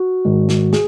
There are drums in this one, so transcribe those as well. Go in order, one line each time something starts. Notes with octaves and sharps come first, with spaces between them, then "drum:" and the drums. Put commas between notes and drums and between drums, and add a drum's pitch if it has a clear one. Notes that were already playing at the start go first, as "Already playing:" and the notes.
Already playing: F#4
G#2 D#3 G#3
drum: snare
G#4, drum: snare